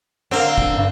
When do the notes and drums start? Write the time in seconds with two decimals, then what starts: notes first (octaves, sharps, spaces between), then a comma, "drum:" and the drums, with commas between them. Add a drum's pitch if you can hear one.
0.31 D3 C4 A#4 F5
0.58 drum: kick
0.77 G2